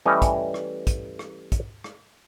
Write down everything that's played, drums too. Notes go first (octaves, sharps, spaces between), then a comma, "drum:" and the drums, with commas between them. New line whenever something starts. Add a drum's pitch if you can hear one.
E3 G3 A3 C#4 C#5 D#5
drum: kick, hi-hat
drum: rim click
drum: kick, hi-hat
drum: rim click
drum: kick, hi-hat
drum: rim click